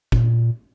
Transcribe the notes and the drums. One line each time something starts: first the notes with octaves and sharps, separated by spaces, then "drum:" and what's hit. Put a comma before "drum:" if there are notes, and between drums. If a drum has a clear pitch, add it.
A#2, drum: kick